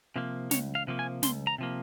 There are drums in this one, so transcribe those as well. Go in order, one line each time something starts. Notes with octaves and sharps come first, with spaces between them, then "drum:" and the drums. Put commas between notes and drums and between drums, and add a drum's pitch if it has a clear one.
C3 F3 A#3
C#2 C#5, drum: snare
F5
C3 F3 A#3
G#5
C#2 C6, drum: snare
A#5
C3 F3 A#3